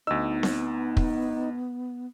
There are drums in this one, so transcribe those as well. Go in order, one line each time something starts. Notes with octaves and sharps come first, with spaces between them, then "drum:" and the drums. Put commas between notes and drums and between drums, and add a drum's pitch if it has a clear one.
D2 B3 D#4 E6
drum: snare C4
drum: kick